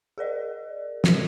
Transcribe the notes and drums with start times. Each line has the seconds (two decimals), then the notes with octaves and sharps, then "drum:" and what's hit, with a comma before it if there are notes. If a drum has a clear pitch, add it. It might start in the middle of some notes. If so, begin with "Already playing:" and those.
0.18 G#4 A#4 D5 D#5
1.04 drum: snare